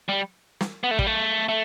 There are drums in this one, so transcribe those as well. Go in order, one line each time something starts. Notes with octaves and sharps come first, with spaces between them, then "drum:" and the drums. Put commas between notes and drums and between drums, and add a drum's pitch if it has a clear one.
G3
drum: snare
B3
A3
G3, drum: kick
A3
A3